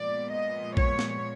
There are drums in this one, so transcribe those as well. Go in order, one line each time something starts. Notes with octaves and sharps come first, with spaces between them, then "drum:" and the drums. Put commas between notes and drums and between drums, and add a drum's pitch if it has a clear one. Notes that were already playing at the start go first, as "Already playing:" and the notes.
Already playing: A#2 F3 G#3 B3 D5
D#5
C#5, drum: kick
drum: snare B3